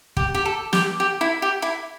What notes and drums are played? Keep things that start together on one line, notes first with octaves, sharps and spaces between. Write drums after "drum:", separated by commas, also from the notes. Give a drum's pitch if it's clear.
G4, drum: kick
G4
A4
G4, drum: snare
G4
E4
G4
E4